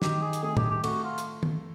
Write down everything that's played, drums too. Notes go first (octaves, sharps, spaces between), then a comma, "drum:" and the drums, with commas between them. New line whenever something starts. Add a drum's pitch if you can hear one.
D#3 G4, drum: snare
G#4
drum: hi-hat
A3 G#4
G4, drum: tom A2
G4
A3 F#4, drum: cymbal
F4
drum: hi-hat
drum: tom